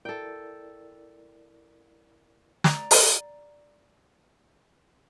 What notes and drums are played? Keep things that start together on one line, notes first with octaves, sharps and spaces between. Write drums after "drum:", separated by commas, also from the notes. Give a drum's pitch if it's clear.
E4 A4 A#4 D5 G5
D5 A#5, drum: snare
drum: open hi-hat